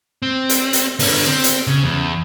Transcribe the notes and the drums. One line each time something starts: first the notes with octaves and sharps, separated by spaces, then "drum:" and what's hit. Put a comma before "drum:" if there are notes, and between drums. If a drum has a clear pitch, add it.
C4
drum: hi-hat
drum: hi-hat
D3 B3, drum: open hi-hat
C4
drum: hi-hat
C#3
E2